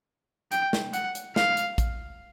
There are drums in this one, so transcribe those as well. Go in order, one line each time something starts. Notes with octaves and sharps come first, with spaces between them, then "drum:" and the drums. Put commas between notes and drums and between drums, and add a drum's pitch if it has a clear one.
G5, drum: hi-hat
drum: snare
F#5, drum: hi-hat
drum: hi-hat
F5, drum: snare
drum: hi-hat
drum: kick A1, hi-hat